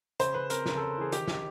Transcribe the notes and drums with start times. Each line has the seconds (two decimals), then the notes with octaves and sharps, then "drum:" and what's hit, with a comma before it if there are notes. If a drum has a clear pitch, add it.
0.20 C#3 C5, drum: hi-hat
0.34 C#3 B4
0.50 C4 A#4, drum: hi-hat
0.66 C#3 A#4, drum: snare
0.77 C#3 A4
0.98 E3 G#4
1.12 D#3 G4, drum: hi-hat
1.28 D#3, drum: snare